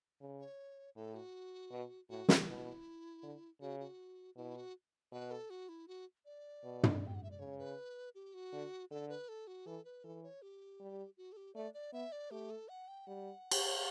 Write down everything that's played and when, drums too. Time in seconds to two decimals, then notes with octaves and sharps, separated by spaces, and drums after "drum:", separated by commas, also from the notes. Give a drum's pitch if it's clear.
0.21 C#3
0.39 C#5
0.96 A2 A4
1.15 F#4
1.71 B2
2.09 A2 F#4
2.29 G4, drum: snare
2.48 B2 E4
3.23 D3
3.61 C#3 F#4
3.80 F#4
4.36 B2 E4
4.56 F#4
5.12 B2 B4
5.31 A4
5.50 F#4
5.69 E4
5.88 F#4
6.26 D5
6.63 B2
6.83 drum: tom
7.07 G5
7.15 F#5
7.23 E5
7.31 D5
7.39 C#3 C#5
7.58 B4
8.15 G4
8.34 F#4
8.52 D3
8.91 D3 A4
9.09 B4
9.29 A4
9.47 F#4
9.66 E3 A4
9.85 B4
10.04 E3 A4
10.23 C#5
10.42 G4
10.80 G3
11.17 F#4
11.32 A4
11.37 G4
11.55 A3 D5
11.74 D5
11.93 B3 E5
12.12 D5
12.31 A3 G4
12.50 A4
12.69 F#5
12.88 G5
13.07 G3 F#5
13.51 drum: cymbal